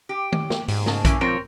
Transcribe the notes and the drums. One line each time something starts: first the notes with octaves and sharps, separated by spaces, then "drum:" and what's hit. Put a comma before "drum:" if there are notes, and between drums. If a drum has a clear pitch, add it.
G4
drum: tom D#3
drum: snare
G#2, drum: open hi-hat
C#3 A5, drum: snare
E3 A#3 C#4, drum: kick A#1, hi-hat
F3 C4 A#4 C#5